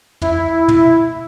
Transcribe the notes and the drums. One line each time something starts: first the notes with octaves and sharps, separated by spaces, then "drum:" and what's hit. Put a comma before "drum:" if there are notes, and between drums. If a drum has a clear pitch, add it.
E4, drum: tom
drum: tom